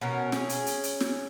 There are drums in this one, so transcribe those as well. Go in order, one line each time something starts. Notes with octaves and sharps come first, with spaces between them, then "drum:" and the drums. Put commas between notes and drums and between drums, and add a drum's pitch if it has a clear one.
B2 C#4 A#4
C#4 G#4, drum: snare
drum: hi-hat
drum: hi-hat
drum: hi-hat
drum: snare